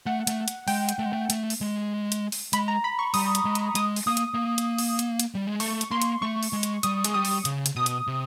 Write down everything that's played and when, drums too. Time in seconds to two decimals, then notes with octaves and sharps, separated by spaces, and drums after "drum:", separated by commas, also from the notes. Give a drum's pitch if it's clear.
0.06 A3 F#5
0.27 A3, drum: hi-hat
0.48 drum: hi-hat
0.68 G#3 G5, drum: open hi-hat
0.89 drum: hi-hat
0.99 A3
1.06 G#3
1.13 A3
1.30 A3, drum: hi-hat
1.50 drum: open hi-hat
1.61 G#3
2.12 drum: hi-hat
2.32 drum: open hi-hat
2.53 G#3 B5, drum: hi-hat
2.68 A#5
2.84 B5
2.99 C#6
3.14 G3 D#6, drum: open hi-hat
3.35 drum: hi-hat
3.45 G#3
3.55 drum: hi-hat
3.75 G#3 D#6, drum: hi-hat
3.96 drum: open hi-hat
4.07 A#3 D#6
4.17 drum: hi-hat
4.34 A#3
4.58 drum: hi-hat
4.78 drum: open hi-hat
4.99 drum: hi-hat
5.19 drum: hi-hat
5.35 G3
5.47 G#3
5.60 A3 C#6, drum: open hi-hat
5.81 drum: hi-hat
5.91 A#3 C6
6.02 drum: hi-hat
6.22 A3 C#6
6.43 drum: open hi-hat
6.53 G#3
6.63 drum: hi-hat
6.83 G3 D#6, drum: hi-hat
7.04 G#3, drum: hi-hat
7.14 G3 D#6
7.25 drum: open hi-hat
7.45 C#3, drum: hi-hat
7.66 drum: hi-hat
7.76 B2 D#6
7.86 drum: hi-hat
8.07 C3